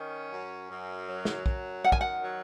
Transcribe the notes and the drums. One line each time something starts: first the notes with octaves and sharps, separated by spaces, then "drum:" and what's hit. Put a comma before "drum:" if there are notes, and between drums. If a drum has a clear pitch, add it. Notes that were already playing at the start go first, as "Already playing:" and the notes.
Already playing: D#3 C#4
F#2
F#2
F#3
drum: snare
F#2, drum: kick
D#3 F#5
G#5, drum: kick
F#5
F#3